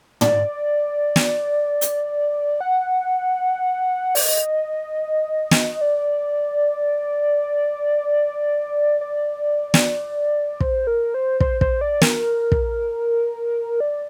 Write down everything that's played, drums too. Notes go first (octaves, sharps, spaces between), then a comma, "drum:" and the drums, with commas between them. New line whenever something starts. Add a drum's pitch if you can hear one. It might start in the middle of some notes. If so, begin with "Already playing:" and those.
D5, drum: tom
drum: snare
drum: hi-hat
F#5
D5, drum: open hi-hat
D#5
drum: snare
D5
D5
drum: snare
C5, drum: kick
A#4
C5
C5, drum: kick
C5, drum: kick
D5
A#4, drum: snare
drum: kick
D5